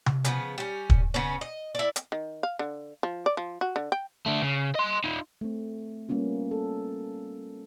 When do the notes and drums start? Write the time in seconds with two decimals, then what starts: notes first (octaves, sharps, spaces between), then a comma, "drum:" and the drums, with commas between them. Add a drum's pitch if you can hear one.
0.06 drum: tom C3
0.25 C#3 F3 B3, drum: hi-hat
0.58 G3 C#4
0.90 drum: kick
1.14 C#3 B3 C#4
1.41 D#5
1.75 E4 D5
1.96 drum: hi-hat
2.12 D#3
2.43 F5
2.59 D3
3.03 F3
3.26 D5
3.37 F3
3.61 F#4
3.76 D3
3.92 G5
4.26 D3 A3
4.42 C#3
4.75 D#5 C6
5.04 D#4 F4
5.41 A3 C4
6.09 G3 A#3 B3 C#4 F4
6.51 A4